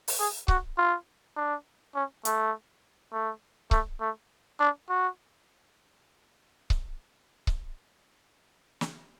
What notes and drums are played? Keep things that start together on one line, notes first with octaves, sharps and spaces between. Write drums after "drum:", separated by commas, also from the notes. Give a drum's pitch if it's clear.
drum: open hi-hat
G#4
F#4, drum: kick C#1
F4
D4
C#4
A3, drum: hi-hat
A3
A3, drum: kick C#1
A3
D4
F#4
drum: kick C#1
drum: kick C#1
drum: snare